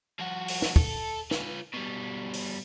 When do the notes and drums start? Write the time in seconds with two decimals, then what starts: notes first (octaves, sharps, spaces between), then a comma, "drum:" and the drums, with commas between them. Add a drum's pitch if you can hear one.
0.19 F3 F#4
0.48 drum: open hi-hat
0.62 drum: snare
0.76 A4, drum: kick
1.31 F4 B4, drum: snare
1.74 B2 G3
2.33 drum: open hi-hat